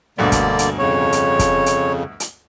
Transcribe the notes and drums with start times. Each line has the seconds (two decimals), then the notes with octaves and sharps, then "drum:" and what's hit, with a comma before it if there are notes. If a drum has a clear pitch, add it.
0.18 D2 G2 B2 D3 A#3 D5
0.32 drum: kick, hi-hat
0.59 drum: hi-hat
0.79 F2 C#3 C#5
1.12 drum: hi-hat
1.39 drum: kick, hi-hat
1.66 drum: hi-hat
2.20 drum: hi-hat